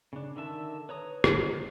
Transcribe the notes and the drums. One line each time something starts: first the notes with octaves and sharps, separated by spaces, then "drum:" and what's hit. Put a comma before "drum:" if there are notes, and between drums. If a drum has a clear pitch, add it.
C#3 D4
D3 D#3 E5 A5
B4 C#5 A#5 D#6
drum: rim click